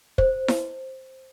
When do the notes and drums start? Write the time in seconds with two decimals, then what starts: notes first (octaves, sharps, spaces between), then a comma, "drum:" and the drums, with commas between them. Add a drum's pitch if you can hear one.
0.18 C5, drum: kick
0.48 drum: snare E4